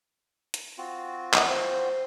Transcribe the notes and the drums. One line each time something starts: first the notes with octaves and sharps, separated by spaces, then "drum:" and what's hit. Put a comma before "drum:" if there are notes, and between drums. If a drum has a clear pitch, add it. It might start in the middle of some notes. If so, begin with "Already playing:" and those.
drum: hi-hat
C4 F4 F#4
F#5, drum: clap
C5